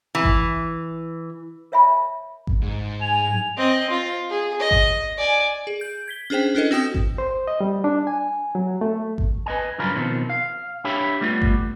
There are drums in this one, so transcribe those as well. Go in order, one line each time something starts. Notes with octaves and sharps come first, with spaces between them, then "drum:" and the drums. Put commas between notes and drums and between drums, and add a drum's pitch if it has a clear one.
E3
drum: kick G#1
A#4 C#5 E5 G#5 B5
drum: kick G#1
G#2
G#5 F7
C4 D#5
F4
G#4
D#5
drum: kick G#1
D5 G#5
G#4
G6 D7
G#6 B6 G7
C#4 D4 G#4 C5 G5
C#4 D4 E4 A4 B4 D#5
C4 F#4 G5 D#6 G6
drum: kick G#1
C5
D#5
G3
D4
G#5
F#3
A3
drum: kick G#1
B4 D#5 G#5
G2 C#3 F#3 F4 A#4 B4
B2 D#3 F3 C4
F5
D4 G4 C#5 E5 G5 B5
G3 A3 B3 F4 G4
drum: kick G#1